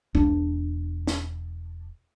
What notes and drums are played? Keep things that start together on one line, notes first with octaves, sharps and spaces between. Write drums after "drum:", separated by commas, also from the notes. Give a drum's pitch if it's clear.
E1 D4, drum: kick C2
drum: snare